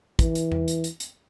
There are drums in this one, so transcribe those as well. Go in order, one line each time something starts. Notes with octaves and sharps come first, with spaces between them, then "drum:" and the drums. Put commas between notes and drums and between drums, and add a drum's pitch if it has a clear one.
E3, drum: kick, hi-hat
drum: hi-hat
drum: tom E2
drum: hi-hat
drum: hi-hat
drum: hi-hat